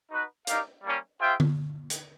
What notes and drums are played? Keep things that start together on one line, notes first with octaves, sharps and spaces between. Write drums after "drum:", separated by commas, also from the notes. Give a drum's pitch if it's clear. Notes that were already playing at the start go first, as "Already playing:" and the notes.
D#4 F#4 B4
D#4 G4 A#4 D5 F5, drum: hi-hat
G3 A#3 C#4
F4 G#4 C5 E5 G5
drum: tom D3
drum: hi-hat